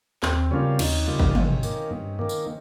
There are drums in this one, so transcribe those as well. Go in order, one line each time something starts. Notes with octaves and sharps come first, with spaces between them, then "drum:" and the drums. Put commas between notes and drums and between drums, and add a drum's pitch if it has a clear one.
D#2 C4, drum: clap
C#3 G3 A#3 C#4 F4
D#2 D#4, drum: cymbal
C#3 G3 A#3 F4
drum: kick G#1
G2, drum: tom
D#3 A#3, drum: tambourine
G2
D#3 A#3
drum: tambourine